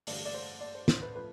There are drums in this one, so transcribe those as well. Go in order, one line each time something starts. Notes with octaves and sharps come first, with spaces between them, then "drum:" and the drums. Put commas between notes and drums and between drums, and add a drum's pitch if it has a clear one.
A1 G2 D3 A3 D5, drum: open hi-hat
D5
C5
D5
C5
C5, drum: snare
B4
F3 A3 B4